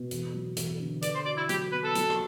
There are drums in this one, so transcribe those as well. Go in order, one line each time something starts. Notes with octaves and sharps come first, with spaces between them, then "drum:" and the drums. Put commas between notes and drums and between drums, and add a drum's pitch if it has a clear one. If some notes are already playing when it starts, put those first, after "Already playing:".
Already playing: B2
E2, drum: hi-hat
F#3
E2, drum: hi-hat
D3
B4 D5, drum: hi-hat
C5
F#4 D5
E4
F#3 G4, drum: hi-hat
B3 B4
A4
F#3, drum: hi-hat
drum: rim click